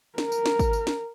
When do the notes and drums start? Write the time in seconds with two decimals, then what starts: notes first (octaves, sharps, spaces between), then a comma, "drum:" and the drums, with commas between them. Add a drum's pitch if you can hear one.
0.18 A#4, drum: snare
0.32 drum: tambourine
0.46 drum: snare
0.59 drum: kick, tambourine
0.73 drum: tambourine
0.87 drum: snare